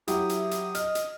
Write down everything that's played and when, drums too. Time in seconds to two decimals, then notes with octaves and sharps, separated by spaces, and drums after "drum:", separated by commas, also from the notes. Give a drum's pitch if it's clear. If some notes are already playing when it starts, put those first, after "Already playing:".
0.08 F#3 E4 G4 D#6, drum: hi-hat
0.29 drum: hi-hat
0.51 drum: hi-hat
0.75 D#5 F6, drum: hi-hat
0.95 drum: hi-hat